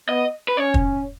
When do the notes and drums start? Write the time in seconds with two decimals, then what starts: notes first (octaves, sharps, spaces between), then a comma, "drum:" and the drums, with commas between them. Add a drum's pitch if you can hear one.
0.08 B3 D#5
0.48 B4
0.57 C#4 C#5
0.74 drum: kick